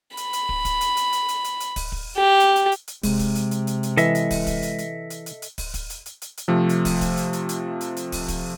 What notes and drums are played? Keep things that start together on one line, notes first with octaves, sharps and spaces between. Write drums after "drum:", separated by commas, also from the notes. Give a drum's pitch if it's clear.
B5, drum: hi-hat
drum: hi-hat
drum: kick
drum: kick, hi-hat
drum: hi-hat
drum: hi-hat
drum: hi-hat
drum: hi-hat
drum: hi-hat
drum: hi-hat
drum: kick, open hi-hat
drum: kick
G4
drum: hi-hat
drum: hi-hat
drum: hi-hat
drum: hi-hat
C3 G#3, drum: kick, open hi-hat
drum: kick, hi-hat
drum: hi-hat
drum: hi-hat
drum: hi-hat
drum: hi-hat
E3 A4 D#5 E5, drum: hi-hat
drum: hi-hat
drum: kick, open hi-hat
drum: kick, hi-hat
drum: hi-hat
drum: hi-hat
drum: hi-hat
drum: hi-hat
drum: hi-hat
drum: kick, open hi-hat
drum: kick, hi-hat
drum: hi-hat
drum: hi-hat
drum: hi-hat
drum: hi-hat
C3 F3 A3
drum: hi-hat
drum: kick, open hi-hat
drum: kick, hi-hat
drum: hi-hat
drum: hi-hat
drum: hi-hat
drum: hi-hat
drum: hi-hat
drum: kick, open hi-hat
drum: kick, hi-hat